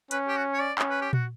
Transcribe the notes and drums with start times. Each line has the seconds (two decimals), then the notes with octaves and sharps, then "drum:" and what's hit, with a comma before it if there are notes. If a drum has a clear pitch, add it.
0.11 C#4 B4, drum: hi-hat
0.28 G4
0.37 F#4
0.53 C#5
0.61 D5
0.79 C#4, drum: clap
0.90 B4
1.01 G4
1.13 F#4, drum: tom A#2